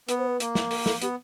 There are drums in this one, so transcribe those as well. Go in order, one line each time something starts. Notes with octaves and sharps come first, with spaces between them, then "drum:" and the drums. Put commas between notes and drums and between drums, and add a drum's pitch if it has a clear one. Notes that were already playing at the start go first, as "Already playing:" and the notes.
B3 B4, drum: hi-hat
C5
B4
A#3, drum: hi-hat
drum: snare
A#4, drum: open hi-hat
A4, drum: snare
B3 G4, drum: hi-hat